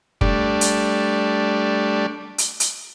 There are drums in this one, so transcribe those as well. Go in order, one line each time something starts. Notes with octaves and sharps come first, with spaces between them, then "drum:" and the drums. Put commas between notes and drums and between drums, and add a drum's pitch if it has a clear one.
G3 A3 D4, drum: kick
drum: hi-hat
drum: hi-hat
drum: hi-hat